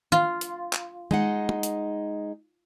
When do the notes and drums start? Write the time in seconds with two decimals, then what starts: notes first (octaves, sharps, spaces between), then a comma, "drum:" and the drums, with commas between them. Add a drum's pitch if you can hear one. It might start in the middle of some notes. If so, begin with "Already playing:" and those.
0.12 F4, drum: tom
0.41 drum: hi-hat
0.73 drum: clap
1.11 G#3 D#4 F#5, drum: tom
1.49 drum: tom
1.63 drum: hi-hat